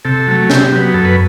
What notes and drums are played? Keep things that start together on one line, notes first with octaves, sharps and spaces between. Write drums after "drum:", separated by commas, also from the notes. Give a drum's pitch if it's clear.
C3 A4
F#3 A3
C3 G4, drum: snare
F#3 B3
F#2 A4
B4